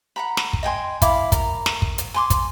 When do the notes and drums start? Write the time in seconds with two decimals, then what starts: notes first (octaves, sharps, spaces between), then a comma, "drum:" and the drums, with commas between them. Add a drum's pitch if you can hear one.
0.16 F#5 A#5 B5
0.37 drum: snare
0.53 drum: kick
0.63 D#5 G5 G#5 C6
1.02 E4 F5 D6, drum: kick, hi-hat
1.32 A#4, drum: kick, hi-hat
1.66 drum: snare
1.82 drum: kick
1.98 drum: hi-hat
2.14 G#5 C6 D6
2.30 drum: kick, hi-hat